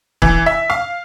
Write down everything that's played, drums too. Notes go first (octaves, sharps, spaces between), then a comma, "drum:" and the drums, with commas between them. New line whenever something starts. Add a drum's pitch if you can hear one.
E3, drum: kick
E5
F5